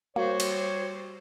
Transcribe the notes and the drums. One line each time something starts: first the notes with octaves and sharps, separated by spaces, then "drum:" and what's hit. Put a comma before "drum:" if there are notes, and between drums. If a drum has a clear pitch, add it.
G3 A#3 F#4 C5 C#5
drum: cymbal